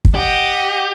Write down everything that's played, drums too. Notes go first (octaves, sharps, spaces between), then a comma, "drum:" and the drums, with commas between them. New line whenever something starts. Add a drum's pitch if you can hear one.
drum: kick
G4 D#5 F#5